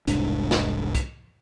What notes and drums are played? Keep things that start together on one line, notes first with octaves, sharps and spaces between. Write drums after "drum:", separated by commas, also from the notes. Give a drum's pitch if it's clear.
E1 C2 G#2 D4, drum: hi-hat
drum: snare
drum: kick, hi-hat